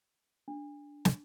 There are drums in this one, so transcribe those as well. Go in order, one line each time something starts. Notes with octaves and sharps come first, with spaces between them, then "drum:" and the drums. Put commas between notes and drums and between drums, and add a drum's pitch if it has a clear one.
D4
drum: snare